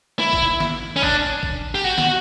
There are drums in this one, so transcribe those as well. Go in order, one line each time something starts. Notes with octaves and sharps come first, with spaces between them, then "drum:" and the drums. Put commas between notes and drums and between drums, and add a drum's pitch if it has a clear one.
E4
drum: kick G#1
drum: snare
C#4
D4, drum: kick G#1
drum: kick G#1
G4
F#4
drum: snare